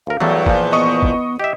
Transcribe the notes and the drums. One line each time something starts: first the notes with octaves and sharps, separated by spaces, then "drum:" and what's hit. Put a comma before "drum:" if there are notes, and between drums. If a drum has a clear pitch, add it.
D2 A#4 F5
E2 F#3 G3 A3
A#2 F3, drum: kick
B3 D#5 C#6 D#6
drum: kick
G4 D#5 E5